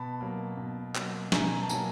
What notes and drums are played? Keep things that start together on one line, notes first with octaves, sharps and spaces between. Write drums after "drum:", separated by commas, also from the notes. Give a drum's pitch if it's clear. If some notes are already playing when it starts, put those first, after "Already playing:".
Already playing: B2 A5 B5
F#3 A#3
B2
F#3 A#3, drum: clap
B2 G#5 A#5, drum: snare
A5
F#3 A#3 G#5 A#5, drum: tambourine